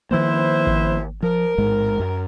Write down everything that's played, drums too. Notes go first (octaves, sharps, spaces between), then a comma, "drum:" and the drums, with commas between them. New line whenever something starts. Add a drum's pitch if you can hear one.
D#3 F3 A#3 E4 B4 C5
drum: kick G#1
F3 A#4
A1 G#2 G#3
F#2